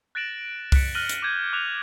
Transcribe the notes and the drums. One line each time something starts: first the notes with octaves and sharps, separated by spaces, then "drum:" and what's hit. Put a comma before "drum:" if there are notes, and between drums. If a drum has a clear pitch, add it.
F#6 A6 A#6 D7 E7 F#7
F#6 B6 C#7, drum: kick C2, open hi-hat
F6 F#6 A#6 D#7 F#7 G7
drum: hi-hat
D6 G6 G#6
D6 F#6 F7